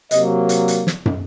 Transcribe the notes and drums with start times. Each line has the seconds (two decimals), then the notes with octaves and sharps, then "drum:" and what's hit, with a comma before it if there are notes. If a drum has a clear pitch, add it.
0.11 C3 F#3 A#3 D#5, drum: hi-hat
0.49 drum: hi-hat
0.68 drum: hi-hat
0.87 drum: snare
1.06 drum: tom